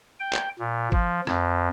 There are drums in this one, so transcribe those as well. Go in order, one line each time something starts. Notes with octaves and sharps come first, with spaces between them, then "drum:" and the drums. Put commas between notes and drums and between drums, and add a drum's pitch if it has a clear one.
G5
drum: clap
A#2
F3, drum: kick
F2, drum: rim click